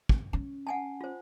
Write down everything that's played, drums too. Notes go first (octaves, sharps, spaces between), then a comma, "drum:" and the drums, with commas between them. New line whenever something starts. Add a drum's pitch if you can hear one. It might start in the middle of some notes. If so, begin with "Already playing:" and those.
drum: kick
C#4
F#5 G#5 A5
F4 C5